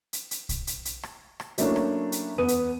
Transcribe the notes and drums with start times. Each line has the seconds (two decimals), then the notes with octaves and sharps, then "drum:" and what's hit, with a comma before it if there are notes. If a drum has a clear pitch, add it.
0.13 drum: hi-hat
0.31 drum: hi-hat
0.49 drum: kick, hi-hat
0.67 drum: hi-hat
0.85 drum: hi-hat
1.03 drum: rim click
1.40 drum: rim click
1.58 F#3 A3 A#3 C#4 D4 E4, drum: hi-hat
1.76 drum: rim click
2.12 drum: hi-hat
2.38 E2 B3 D#6 D#7
2.48 drum: hi-hat